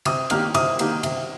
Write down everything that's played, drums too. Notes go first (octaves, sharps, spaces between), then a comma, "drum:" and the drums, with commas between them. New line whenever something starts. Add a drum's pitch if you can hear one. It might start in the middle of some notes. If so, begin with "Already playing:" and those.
C3 D#6, drum: cymbal
D#3 A#3 D#4 G4 F6, drum: cymbal
C3 D#6, drum: cymbal
D#3 A#3 D#4 G4, drum: cymbal
C3, drum: cymbal